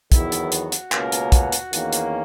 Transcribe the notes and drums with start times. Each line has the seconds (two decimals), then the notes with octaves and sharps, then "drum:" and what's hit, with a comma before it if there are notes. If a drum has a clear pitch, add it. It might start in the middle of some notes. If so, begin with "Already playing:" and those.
0.12 E2 D#3 F#3 B3 E4, drum: kick, hi-hat
0.32 drum: hi-hat
0.52 F#4, drum: hi-hat
0.72 drum: hi-hat
0.92 C#2 B2 A#3 C#4 A#4, drum: clap
1.12 drum: hi-hat
1.32 F#4, drum: kick, hi-hat
1.52 drum: hi-hat
1.73 E2 D#3 A#3 C#4, drum: hi-hat
1.93 drum: hi-hat